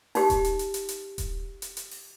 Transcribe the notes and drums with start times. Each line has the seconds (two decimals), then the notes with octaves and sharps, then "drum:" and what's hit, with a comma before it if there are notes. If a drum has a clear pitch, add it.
0.15 D#4 G4, drum: open hi-hat
0.30 drum: kick D#1, hi-hat
0.44 drum: hi-hat
0.59 drum: hi-hat
0.74 drum: hi-hat
0.89 drum: hi-hat
1.18 drum: kick D#1, hi-hat
1.62 drum: hi-hat
1.77 drum: hi-hat
1.91 drum: open hi-hat